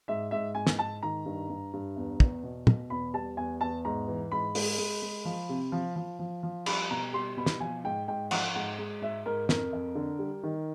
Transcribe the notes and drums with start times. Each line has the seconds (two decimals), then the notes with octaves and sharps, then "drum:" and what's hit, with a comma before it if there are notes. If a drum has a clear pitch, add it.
0.08 G#2 E5
0.31 G#2 E5
0.55 G#2 G#5
0.67 drum: snare
0.78 G#2 A5
1.03 D#3 A#5
1.25 G2
1.49 G2
1.73 G2
1.96 E2
2.20 E2, drum: kick
2.43 B2
2.67 B2, drum: tom
2.90 E2 B5
3.14 G3 A5
3.37 E2 G#5
3.61 E2 A5
3.85 G#2 A#5
4.08 E3
4.32 G#2 B5
4.55 G#3, drum: open hi-hat
4.78 G#3
5.02 G#3
5.25 F3
5.49 C3
5.72 F3
5.96 F3
6.19 F3
6.43 F3
6.66 G3 B5, drum: cymbal
6.90 B2 A#5
7.13 G3 C6
7.37 B2 B5
7.46 drum: snare
7.60 F3 G#5
7.84 G#2 G5
8.08 G#2 G5
8.31 F3 F#5, drum: cymbal
8.55 G#2 F#5
8.78 G#3
9.01 G#2 E5
9.26 G#2 A#4
9.49 F2 A#4, drum: snare
9.73 F2
9.95 D3
10.19 G3
10.43 D#3